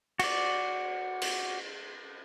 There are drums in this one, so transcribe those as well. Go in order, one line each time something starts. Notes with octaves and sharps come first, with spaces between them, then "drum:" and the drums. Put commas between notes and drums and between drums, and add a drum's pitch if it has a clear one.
F#4 D5, drum: cymbal
drum: cymbal